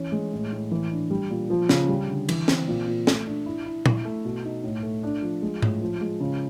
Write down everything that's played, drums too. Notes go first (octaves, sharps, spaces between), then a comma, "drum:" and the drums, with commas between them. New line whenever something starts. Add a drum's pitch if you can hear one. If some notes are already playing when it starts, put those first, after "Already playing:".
Already playing: E3 C#4
G#3
A2
A2
E3
D4
G3
A#2
F3
C#3, drum: snare
G3
D3
E3, drum: cymbal
C4, drum: snare
A#2
A#2
A3, drum: snare
D4
E4
E4
E4, drum: tom
A3
B2
D#4
A2
A3
D4
F3
G#3
A2, drum: tom G#2
F3
G#3
C#3